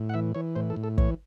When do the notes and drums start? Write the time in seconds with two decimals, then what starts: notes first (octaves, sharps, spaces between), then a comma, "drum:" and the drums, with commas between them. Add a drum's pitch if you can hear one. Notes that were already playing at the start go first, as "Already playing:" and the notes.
Already playing: A2
0.09 F#5
0.14 E3 E5
0.35 E3 C#5
0.55 A2 C5
0.70 A4
0.76 A2
0.84 A4
0.98 E3 C#5, drum: kick